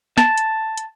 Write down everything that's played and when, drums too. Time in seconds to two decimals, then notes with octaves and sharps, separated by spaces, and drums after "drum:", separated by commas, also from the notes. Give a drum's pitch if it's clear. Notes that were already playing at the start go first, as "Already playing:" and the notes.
0.18 A5, drum: snare
0.38 drum: hi-hat
0.78 drum: hi-hat